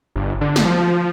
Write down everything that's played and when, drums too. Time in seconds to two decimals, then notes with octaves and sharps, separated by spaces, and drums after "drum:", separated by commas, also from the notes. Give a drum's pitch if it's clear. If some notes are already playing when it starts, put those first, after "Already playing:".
0.16 G1
0.41 D3
0.56 drum: snare
0.65 F3